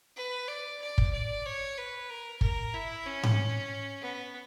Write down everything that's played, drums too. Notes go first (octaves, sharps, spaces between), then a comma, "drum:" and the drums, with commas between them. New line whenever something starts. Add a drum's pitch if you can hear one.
B4
D5
D5
drum: kick
D5
C#5
B4
A#4
A#4, drum: kick
E4
C#4
drum: tom G#2
B3